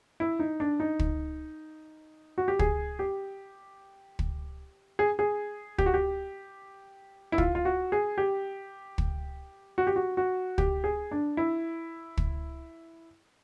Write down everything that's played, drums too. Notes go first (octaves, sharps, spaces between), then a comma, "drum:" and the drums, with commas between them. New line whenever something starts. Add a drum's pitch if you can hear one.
E4
D#4
D4
D#4
drum: kick
F#4
G4
G#4, drum: kick
G4
drum: kick
G#4
G#4
G4, drum: kick
F#4
G4
E4
F4, drum: kick
F4
F#4
G#4
G4
drum: kick
F#4
G4
F#4
F#4
G4, drum: kick
G#4
D4
E4
drum: kick